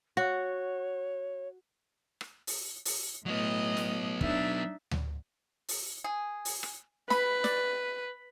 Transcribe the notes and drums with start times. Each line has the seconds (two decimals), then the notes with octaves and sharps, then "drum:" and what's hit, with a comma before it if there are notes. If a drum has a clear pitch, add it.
0.17 F#4 C#5
2.21 drum: rim click
2.47 drum: open hi-hat
2.85 drum: open hi-hat
3.26 A2 F#3 B3 D#5
3.77 drum: snare
4.21 D4 D#4 E5, drum: kick
4.91 drum: tom D2
5.68 drum: open hi-hat
6.04 G#4
6.45 drum: open hi-hat
6.63 drum: rim click
7.10 B4 B5, drum: snare
7.44 D5, drum: snare